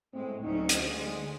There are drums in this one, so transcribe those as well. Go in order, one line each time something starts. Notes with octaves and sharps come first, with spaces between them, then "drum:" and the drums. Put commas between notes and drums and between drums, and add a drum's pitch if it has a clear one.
A2 G#3 C4
D2 F#3 C#4 D#4
drum: hi-hat
D3 G#3